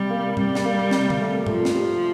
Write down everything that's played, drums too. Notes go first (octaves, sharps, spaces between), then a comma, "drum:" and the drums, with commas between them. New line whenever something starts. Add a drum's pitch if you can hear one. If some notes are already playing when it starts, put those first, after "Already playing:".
Already playing: C3 G3
A#3
C3 G3, drum: tom
drum: snare
A#3
C3, drum: snare
drum: tom
A3
F3 A3, drum: tom
drum: snare
G4